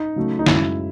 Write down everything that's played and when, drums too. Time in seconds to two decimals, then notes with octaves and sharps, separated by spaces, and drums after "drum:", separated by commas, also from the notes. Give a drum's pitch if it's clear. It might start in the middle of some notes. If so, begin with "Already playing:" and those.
Already playing: D#4
0.16 C#3 F#3 A3
0.39 D#4
0.46 F#2 C#3 G#3 E4, drum: snare